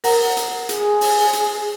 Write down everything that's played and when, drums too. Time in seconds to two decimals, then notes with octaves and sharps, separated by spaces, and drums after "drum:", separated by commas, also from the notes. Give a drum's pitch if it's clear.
0.04 A#4 F#5 A#5, drum: open hi-hat
0.37 drum: hi-hat
0.69 G#4, drum: hi-hat
1.01 drum: open hi-hat
1.33 drum: hi-hat